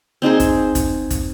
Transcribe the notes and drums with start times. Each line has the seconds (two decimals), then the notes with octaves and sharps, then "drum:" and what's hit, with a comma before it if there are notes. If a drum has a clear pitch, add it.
0.22 C4 D#4 G#4 C5
0.40 drum: kick, hi-hat
0.75 drum: kick, hi-hat
1.10 drum: kick, hi-hat